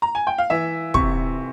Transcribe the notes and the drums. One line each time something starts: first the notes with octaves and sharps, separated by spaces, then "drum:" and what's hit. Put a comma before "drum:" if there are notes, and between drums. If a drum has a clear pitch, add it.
A#5
G#5
G5
F5
E3 E5
C3 C#6, drum: kick